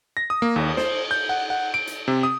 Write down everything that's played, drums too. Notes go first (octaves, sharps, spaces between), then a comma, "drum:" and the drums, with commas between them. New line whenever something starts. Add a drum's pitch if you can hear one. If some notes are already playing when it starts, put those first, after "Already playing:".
A#6
D#6
A#3
D#2, drum: cymbal
C5, drum: snare
G6
F#5
F#5
D7
drum: hi-hat
C3
D#6